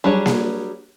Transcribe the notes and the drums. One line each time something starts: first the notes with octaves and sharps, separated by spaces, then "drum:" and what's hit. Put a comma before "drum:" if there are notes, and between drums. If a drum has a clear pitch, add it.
F#3 G3 D4 G#4 C#5
drum: snare A#3